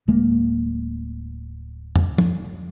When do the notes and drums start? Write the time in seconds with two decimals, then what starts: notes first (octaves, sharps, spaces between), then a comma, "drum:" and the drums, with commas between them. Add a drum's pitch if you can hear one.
0.08 D1 G#3 A#3
1.96 drum: tom
2.18 drum: tom